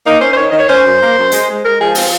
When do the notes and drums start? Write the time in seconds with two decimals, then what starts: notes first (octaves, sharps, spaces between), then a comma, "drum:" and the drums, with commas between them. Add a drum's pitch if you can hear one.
0.05 A#3 D#4
0.20 C#4 C5
0.31 C5
0.36 D#3 C#5
0.47 D#3 D#5
0.58 C#5
0.68 C#4 C5
0.84 F#2
1.00 A#3
1.16 F#2
1.32 G#3, drum: hi-hat
1.48 G#3
1.63 G#3 A#4
1.79 F3 G#4
1.95 C4 F4, drum: open hi-hat